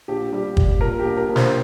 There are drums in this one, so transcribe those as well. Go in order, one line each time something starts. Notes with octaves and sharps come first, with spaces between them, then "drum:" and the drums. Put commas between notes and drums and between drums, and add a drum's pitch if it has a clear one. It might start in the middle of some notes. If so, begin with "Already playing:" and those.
A#1 G4
G3 G4
G3, drum: kick
A#2 A#4
G4
A#1
A#4
A#1
C5, drum: snare